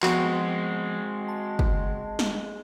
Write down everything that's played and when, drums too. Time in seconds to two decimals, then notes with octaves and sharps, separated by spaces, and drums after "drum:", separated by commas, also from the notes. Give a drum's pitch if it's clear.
0.03 F3 G#3 B3 C4 F#4, drum: clap
1.28 A5
1.59 drum: kick
2.19 drum: snare